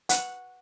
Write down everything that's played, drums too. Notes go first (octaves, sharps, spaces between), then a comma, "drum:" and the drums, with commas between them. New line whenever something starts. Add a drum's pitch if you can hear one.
F#5, drum: hi-hat